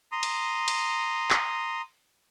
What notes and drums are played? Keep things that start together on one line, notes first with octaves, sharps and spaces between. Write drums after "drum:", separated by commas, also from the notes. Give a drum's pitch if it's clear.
A#5 C6 D#6
drum: cymbal
drum: cymbal
drum: clap